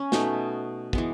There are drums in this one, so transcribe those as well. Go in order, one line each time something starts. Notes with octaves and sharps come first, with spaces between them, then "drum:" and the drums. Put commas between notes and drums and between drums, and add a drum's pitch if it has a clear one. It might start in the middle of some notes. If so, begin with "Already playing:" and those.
Already playing: C#4
B2 A3 B3 D#4, drum: snare
E3 G#3 B3, drum: kick